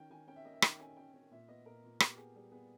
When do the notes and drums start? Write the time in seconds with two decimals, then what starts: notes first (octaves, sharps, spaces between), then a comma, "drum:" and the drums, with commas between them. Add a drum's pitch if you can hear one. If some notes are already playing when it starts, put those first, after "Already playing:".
Already playing: D#3 C#4 G5
0.10 D#3 G#5
0.28 C#4 G5
0.36 E5
0.45 A#3 D#5
0.54 E5
0.62 D#3 G5, drum: rim click
0.80 C#4 G#5
0.97 C#4 G5
1.14 C#4
1.31 A#2 E5
1.48 B3 D#5
1.66 A#2 A#4
1.84 A#2
2.00 B3 G4, drum: rim click
2.17 B3 G#4
2.35 G3 G#4
2.52 B3 G#4